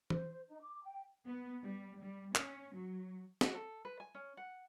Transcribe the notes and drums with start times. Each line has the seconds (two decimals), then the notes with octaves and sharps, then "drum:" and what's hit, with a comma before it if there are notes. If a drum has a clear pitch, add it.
0.10 C5, drum: tom E3
0.47 D#4
0.61 D6
0.82 G5
1.27 B3
1.64 G3
2.00 G3
2.35 C#4, drum: clap
2.75 F#3
3.41 F#4, drum: snare
3.55 A4
3.85 B4
4.00 G#5
4.15 C#4
4.37 F#5